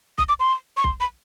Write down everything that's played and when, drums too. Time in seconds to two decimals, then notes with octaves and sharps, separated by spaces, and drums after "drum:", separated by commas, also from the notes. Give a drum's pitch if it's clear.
0.18 D#6, drum: kick B1
0.29 D6
0.40 C6
0.77 C#6
0.84 C6, drum: kick B1
1.00 B5